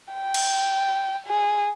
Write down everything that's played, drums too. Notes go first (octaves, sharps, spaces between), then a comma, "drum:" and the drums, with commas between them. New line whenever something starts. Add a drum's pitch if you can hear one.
G5
drum: cymbal
G#4